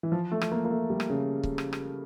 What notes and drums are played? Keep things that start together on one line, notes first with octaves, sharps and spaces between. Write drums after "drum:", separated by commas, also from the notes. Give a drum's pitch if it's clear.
E3
F3
A3
drum: rim click
A#3
A#3
A3
G3
drum: rim click
C#3
drum: kick C#1
drum: rim click
drum: rim click